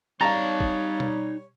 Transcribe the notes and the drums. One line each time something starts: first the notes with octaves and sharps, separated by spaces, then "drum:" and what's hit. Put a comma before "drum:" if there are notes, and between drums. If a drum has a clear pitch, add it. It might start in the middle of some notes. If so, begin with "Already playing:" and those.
G3 D#4 C#5 F5 A5 A#5 A6
drum: kick
drum: tom B2